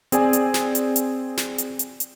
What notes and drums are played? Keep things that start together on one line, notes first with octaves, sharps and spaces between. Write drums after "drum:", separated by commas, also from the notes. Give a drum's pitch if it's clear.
C4 G#4 D5 G#5, drum: hi-hat
drum: hi-hat
drum: snare
drum: hi-hat
drum: hi-hat
drum: snare
drum: hi-hat
drum: hi-hat
drum: hi-hat